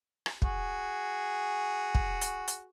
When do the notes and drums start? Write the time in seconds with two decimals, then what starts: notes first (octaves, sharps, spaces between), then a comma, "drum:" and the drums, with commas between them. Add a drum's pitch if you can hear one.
0.26 drum: rim click
0.42 F#4 G#4, drum: kick
1.95 drum: kick
2.21 drum: hi-hat
2.48 drum: hi-hat